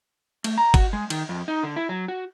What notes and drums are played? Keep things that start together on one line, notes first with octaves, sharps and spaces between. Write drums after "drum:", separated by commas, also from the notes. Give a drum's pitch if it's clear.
A3, drum: cymbal
A#5
F#4, drum: kick, cymbal
G#3
D#3, drum: cymbal
F2
D#4
D3
E4
F#3
F#4